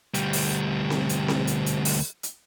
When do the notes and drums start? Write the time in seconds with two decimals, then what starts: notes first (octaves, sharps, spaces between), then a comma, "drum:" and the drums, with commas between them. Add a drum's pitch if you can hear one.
0.14 D2 G3, drum: hi-hat
0.33 drum: open hi-hat
0.90 drum: snare C4
1.09 drum: hi-hat
1.28 drum: snare C4
1.47 drum: hi-hat
1.66 drum: hi-hat
1.85 drum: open hi-hat
2.23 drum: hi-hat